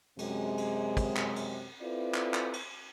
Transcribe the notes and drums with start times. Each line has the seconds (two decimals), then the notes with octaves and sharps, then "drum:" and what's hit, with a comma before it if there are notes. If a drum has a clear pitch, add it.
0.19 F#2 C3 G#3, drum: cymbal
0.58 drum: cymbal
0.97 drum: kick, cymbal
1.16 drum: clap
1.36 drum: cymbal
1.82 C4 E4 F4 A4 B4 D5
2.14 drum: clap
2.34 drum: clap
2.53 drum: cymbal